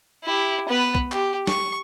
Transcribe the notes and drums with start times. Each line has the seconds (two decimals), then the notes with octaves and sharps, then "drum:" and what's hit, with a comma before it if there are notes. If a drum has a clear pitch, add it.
0.24 E4 G4
0.69 B3 B4
0.95 drum: kick
1.12 G4, drum: clap
1.47 C#6, drum: snare